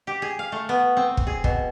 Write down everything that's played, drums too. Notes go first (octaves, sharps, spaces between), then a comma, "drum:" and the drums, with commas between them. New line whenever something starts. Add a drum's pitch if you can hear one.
G4
G#4
F5
A3
B3
C4
drum: kick
G#4
B2, drum: kick